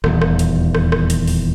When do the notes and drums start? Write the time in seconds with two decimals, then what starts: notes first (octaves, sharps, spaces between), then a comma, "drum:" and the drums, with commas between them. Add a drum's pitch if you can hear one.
0.04 D#1 E2, drum: rim click
0.22 drum: rim click
0.39 drum: hi-hat
0.75 drum: rim click
0.92 drum: rim click
1.10 drum: hi-hat
1.28 drum: open hi-hat